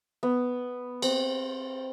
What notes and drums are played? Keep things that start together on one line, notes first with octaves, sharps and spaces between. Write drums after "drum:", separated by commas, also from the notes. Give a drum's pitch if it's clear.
B3
C4, drum: cymbal